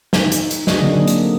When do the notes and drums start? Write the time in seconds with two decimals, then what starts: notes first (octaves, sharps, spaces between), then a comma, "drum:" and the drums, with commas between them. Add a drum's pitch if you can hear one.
0.13 D#4, drum: snare
0.32 drum: hi-hat
0.51 drum: hi-hat
0.67 D4 F#4 G#4 D#5, drum: snare
0.82 D3 F#3 A#3 C4
1.07 drum: hi-hat